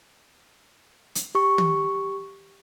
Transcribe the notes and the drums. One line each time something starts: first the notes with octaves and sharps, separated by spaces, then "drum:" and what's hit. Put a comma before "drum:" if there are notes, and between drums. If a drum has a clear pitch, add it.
drum: hi-hat
G4 C#6
drum: tom